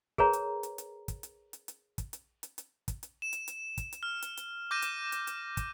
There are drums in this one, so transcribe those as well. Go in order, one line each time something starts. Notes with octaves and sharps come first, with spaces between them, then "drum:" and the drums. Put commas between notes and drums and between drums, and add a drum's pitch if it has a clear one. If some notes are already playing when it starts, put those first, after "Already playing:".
G#4 A#4 B4 C#5 A#5, drum: kick
drum: hi-hat
drum: hi-hat
drum: hi-hat
drum: kick, hi-hat
drum: hi-hat
drum: hi-hat
drum: hi-hat
drum: kick, hi-hat
drum: hi-hat
drum: hi-hat
drum: hi-hat
drum: kick, hi-hat
drum: hi-hat
E7
drum: hi-hat
drum: hi-hat
drum: kick, hi-hat
drum: hi-hat
F6
drum: hi-hat
drum: hi-hat
D6 G6 A#6 D#7
drum: hi-hat
drum: hi-hat
drum: hi-hat
drum: kick, hi-hat